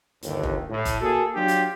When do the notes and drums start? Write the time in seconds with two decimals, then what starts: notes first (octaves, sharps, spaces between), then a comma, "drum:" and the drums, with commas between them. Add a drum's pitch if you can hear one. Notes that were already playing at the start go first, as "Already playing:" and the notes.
0.23 G1 D#2, drum: hi-hat
0.43 drum: kick F1
0.70 A2
0.85 drum: kick F1, hi-hat
1.01 A#3 F#4 G#4 A4
1.35 F#3 D4 F4 G4
1.48 drum: hi-hat